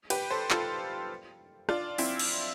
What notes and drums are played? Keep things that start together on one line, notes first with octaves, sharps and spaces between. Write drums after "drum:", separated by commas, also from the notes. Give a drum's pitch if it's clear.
G4 B4, drum: cymbal
A4 C5
F4 A4, drum: clap
D4 F4, drum: rim click
C4 E4, drum: open hi-hat
drum: cymbal